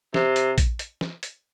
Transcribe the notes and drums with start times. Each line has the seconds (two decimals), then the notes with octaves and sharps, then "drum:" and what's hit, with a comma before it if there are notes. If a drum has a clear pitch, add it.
0.14 C3, drum: snare
0.36 drum: hi-hat
0.58 drum: kick A#1, hi-hat
0.79 drum: hi-hat
1.01 drum: snare
1.23 drum: hi-hat